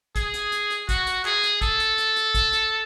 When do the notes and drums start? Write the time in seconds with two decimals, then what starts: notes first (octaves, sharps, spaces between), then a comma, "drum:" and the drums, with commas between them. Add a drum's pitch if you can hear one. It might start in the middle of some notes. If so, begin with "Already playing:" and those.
0.15 G#4, drum: kick, hi-hat
0.34 drum: hi-hat
0.52 drum: hi-hat
0.70 drum: hi-hat
0.89 F#4, drum: kick, hi-hat
1.07 drum: hi-hat
1.25 G#4, drum: clap
1.43 drum: hi-hat
1.61 A4, drum: kick, hi-hat
1.80 drum: hi-hat
1.98 drum: hi-hat
2.16 drum: hi-hat
2.35 drum: kick, hi-hat
2.53 drum: hi-hat